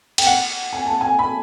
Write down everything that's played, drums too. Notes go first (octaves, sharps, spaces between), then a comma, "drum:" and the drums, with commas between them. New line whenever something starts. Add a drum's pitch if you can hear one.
G5, drum: cymbal
F#5
G#5
A5
G#5
B5